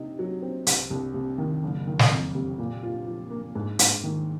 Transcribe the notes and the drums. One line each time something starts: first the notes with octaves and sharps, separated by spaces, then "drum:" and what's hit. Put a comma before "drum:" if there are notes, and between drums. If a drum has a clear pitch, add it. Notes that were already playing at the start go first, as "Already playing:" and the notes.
Already playing: C3 D#4
F#3
C4
C2, drum: hi-hat
C2
C3
D#3
F#1
D#3
drum: snare
F2
C3
A#2
F4
F3
A#3
G#2
G#2, drum: hi-hat
D#3